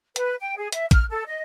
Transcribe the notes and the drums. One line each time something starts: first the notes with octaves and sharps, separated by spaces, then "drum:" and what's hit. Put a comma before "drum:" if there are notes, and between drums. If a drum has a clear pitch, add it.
B4, drum: hi-hat
G5
G#4
E5, drum: hi-hat
F6, drum: kick A1, hi-hat
A4
D#5